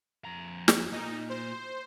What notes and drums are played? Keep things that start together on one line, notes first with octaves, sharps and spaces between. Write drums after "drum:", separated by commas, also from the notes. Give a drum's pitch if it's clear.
F2 A#5
drum: snare
A#3 D#4 F4
C5